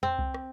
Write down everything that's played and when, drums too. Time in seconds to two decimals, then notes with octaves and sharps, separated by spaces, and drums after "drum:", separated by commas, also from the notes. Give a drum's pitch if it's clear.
0.03 C4, drum: tom E2
0.19 drum: kick C2
0.34 drum: rim click